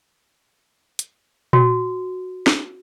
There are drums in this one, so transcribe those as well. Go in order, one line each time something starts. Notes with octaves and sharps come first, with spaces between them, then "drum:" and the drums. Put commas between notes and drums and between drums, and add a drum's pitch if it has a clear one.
drum: hi-hat
F#4, drum: tom A#2
drum: snare